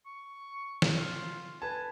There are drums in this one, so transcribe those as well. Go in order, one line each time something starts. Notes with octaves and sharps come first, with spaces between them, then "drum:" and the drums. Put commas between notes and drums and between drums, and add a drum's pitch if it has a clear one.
C#6
drum: snare
F4
B4 G#5 A5